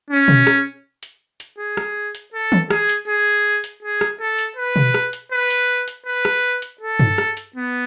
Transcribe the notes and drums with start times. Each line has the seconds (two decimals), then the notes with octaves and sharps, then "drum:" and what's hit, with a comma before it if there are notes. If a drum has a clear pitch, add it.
0.10 C#4
0.28 drum: tom B2
0.47 drum: rim click
1.03 drum: hi-hat
1.40 drum: hi-hat
1.59 G#4
1.77 drum: rim click
2.15 drum: hi-hat
2.34 A4
2.52 drum: tom D#3
2.70 G#4, drum: rim click
2.89 drum: hi-hat
3.08 G#4
3.64 drum: hi-hat
3.83 G#4
4.01 drum: rim click
4.20 A4
4.38 drum: hi-hat
4.57 B4
4.76 drum: tom B2
4.94 drum: rim click
5.13 drum: hi-hat
5.32 B4
5.50 drum: hi-hat
5.88 drum: hi-hat
6.06 B4
6.25 drum: rim click
6.62 drum: hi-hat
6.81 A4
7.00 drum: tom G2
7.18 drum: rim click
7.37 drum: hi-hat
7.56 B3